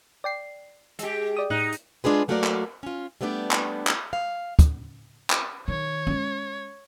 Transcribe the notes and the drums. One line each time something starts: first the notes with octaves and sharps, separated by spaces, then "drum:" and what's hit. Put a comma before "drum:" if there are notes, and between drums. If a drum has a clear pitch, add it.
D5 G5 C7
G#3 G4, drum: hi-hat
D5 D#6
A2 D#4 F#6
drum: hi-hat
G#3 D4 F4 G#4 B4
F#3 A3 A#3 F#4 A#4 D5
drum: clap
C#4 F4
G3 A3 B3 D4 D5
drum: clap
drum: clap
F5
drum: kick, hi-hat
drum: clap
D#3 C#5
G#3 C#4